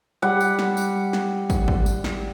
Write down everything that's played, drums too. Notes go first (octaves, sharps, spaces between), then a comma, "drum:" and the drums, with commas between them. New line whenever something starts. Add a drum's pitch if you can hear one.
G3 F#5
drum: tambourine
drum: snare
drum: tambourine
drum: snare
drum: kick, tambourine
drum: kick
drum: tambourine
drum: snare